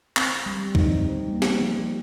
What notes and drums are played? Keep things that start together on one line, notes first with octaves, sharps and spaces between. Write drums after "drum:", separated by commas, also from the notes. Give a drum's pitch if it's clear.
C4, drum: clap
G3
D#4, drum: kick
C4
C4
G3
A#3
drum: snare
F3
F3